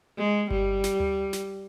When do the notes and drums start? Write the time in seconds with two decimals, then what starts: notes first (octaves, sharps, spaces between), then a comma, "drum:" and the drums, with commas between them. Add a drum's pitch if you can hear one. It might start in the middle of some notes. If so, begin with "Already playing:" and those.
0.18 G#3
0.51 G3, drum: kick G1
0.84 drum: snare
1.00 drum: tom D2
1.33 drum: snare